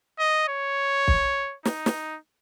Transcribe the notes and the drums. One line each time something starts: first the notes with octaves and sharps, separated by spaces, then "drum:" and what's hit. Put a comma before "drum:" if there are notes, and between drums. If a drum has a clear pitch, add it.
D#5
C#5
drum: kick B1
D#4, drum: snare
drum: snare